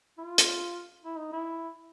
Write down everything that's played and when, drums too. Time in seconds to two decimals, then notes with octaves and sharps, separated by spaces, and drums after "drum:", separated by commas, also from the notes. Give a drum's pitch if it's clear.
0.18 E4
0.24 F4
0.38 drum: hi-hat
1.04 E4
1.18 D#4
1.32 E4